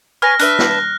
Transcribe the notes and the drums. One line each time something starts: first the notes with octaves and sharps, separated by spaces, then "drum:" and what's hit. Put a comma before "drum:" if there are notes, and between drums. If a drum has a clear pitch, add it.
B4 C#5 G#5 F6 A#6
D4 B4 E5 F6 F#6, drum: hi-hat
drum: snare